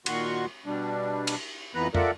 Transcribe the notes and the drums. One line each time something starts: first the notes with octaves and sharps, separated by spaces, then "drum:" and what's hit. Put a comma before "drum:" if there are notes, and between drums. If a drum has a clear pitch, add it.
A#2 D#3 F#4 C6 C#6, drum: cymbal
B2 G3 D4
drum: cymbal
F2 E3 B3 B4 A#5 F#6
F4 A4 A#4 D5 E5 F#5, drum: tom F2